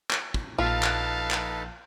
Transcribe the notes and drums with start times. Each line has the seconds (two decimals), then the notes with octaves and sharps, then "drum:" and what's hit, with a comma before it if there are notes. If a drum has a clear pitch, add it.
0.10 drum: clap
0.34 drum: kick
0.58 A#1 D#4 F4 A4 B4 F5 A5
0.83 drum: clap
1.31 drum: clap